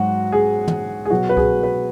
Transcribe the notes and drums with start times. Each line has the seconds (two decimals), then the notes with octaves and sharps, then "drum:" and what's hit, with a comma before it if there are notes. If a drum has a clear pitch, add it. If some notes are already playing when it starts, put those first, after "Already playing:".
Already playing: G#2 F#3 F#4
0.32 G#4
0.68 drum: tom
1.05 G#4
1.10 B2 F#3 F#4
1.29 B4
1.37 G#4, drum: kick C2
1.63 B4